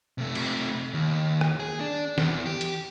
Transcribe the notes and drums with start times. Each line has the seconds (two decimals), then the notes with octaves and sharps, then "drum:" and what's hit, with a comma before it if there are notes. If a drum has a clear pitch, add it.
0.18 C3 A3
0.35 drum: cymbal
0.94 D#2
1.41 drum: rim click
1.60 G#4
1.80 D4
2.18 E2, drum: snare
2.46 G4
2.61 drum: hi-hat